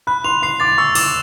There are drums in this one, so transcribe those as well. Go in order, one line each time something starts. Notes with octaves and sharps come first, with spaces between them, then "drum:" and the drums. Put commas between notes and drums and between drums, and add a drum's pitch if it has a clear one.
B5 F#6
C6 F7
C6 C7
D6 A6
C#6 E6
D6 E7, drum: open hi-hat